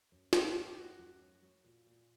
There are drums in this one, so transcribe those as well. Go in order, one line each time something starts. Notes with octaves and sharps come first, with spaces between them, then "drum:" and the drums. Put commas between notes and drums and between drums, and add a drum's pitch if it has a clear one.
F#2
F#2 F#4, drum: snare
F#2
G4
F#3 F#4
F#2
F#3
F#3
A#2
A#2